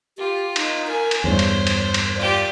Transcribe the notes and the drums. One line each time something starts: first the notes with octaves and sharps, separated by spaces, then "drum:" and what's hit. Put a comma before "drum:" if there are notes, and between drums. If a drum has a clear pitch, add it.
F4 G4
D#4, drum: cymbal
A#4 G#5
drum: cymbal
E2 G2 C5 C#5
drum: cymbal
drum: cymbal
drum: cymbal
F4 G4 D5